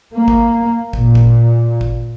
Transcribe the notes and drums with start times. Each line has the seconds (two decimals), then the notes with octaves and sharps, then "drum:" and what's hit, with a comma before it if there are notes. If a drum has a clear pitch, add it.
0.14 A#3
0.28 drum: kick
0.93 A#2, drum: kick
1.15 drum: kick
1.81 drum: kick